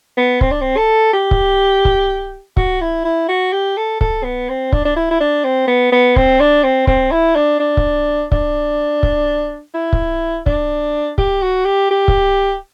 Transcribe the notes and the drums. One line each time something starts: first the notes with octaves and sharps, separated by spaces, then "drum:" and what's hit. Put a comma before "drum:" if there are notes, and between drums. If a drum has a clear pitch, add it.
B3
C4, drum: kick C#1
D4
C4
A4
G4
drum: kick C#1
drum: kick C#1
F#4, drum: kick C#1
E4
E4
F#4
G4
A4
A4, drum: kick C#1
B3
C4
D4, drum: kick C#1
D4
E4
E4
D4
C4
B3
B3
C4, drum: kick C#1
D4
C4
C4, drum: kick C#1
E4
D4
D4
drum: kick C#1
D4, drum: kick C#1
drum: kick C#1
E4
drum: kick C#1
D4, drum: kick C#1
G4, drum: kick C#1
F#4
G4
G4
drum: kick C#1